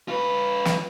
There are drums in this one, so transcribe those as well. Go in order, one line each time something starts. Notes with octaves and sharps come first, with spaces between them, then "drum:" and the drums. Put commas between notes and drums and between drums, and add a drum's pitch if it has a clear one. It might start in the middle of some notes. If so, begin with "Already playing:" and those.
F4 B4
drum: snare